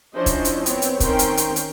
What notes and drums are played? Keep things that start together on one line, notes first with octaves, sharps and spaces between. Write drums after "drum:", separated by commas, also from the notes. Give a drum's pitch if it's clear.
F3 C#4 D4 E4 C5 D#5
drum: kick, hi-hat
drum: hi-hat
B3 C4 C#5, drum: hi-hat
drum: hi-hat
D#3 C4 C#4 A#4 G5 C6, drum: kick, hi-hat
drum: hi-hat
drum: hi-hat
drum: hi-hat